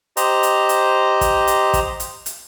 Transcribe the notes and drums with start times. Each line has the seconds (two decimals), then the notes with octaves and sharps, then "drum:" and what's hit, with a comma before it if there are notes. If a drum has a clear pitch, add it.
0.17 G4 C5 D#5 A#5, drum: hi-hat
0.43 drum: hi-hat
0.69 drum: hi-hat
1.21 drum: kick, hi-hat
1.47 drum: hi-hat
1.74 drum: kick, hi-hat
2.00 drum: hi-hat
2.26 drum: hi-hat